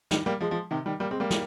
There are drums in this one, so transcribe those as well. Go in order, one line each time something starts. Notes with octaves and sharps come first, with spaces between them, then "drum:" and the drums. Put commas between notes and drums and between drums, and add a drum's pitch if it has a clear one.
D#3 G3, drum: snare
G3 A#3
F3 G#3
F3 G#3
C3 D#3
D#3 G3
G3 A#3
G#3 C4
G3 A#3
drum: snare